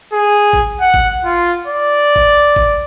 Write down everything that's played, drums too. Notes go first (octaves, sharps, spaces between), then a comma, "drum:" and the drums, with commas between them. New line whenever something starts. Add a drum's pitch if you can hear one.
G#4
drum: kick G#1
F#5
drum: kick G#1
F4
D5
drum: kick G#1
drum: kick G#1